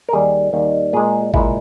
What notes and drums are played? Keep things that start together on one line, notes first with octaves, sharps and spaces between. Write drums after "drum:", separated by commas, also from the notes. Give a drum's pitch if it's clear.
A#4
D#2 D#3 G3 G#4
D#2 D#3 G3
A#2 G#3 G#4
A#2 G#3 E4, drum: kick